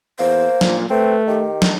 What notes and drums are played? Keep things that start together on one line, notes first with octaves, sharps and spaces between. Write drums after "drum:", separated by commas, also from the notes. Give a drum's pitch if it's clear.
E2 A#3 C5
A#2, drum: snare
A3 C4 B4
D#3 G4
drum: snare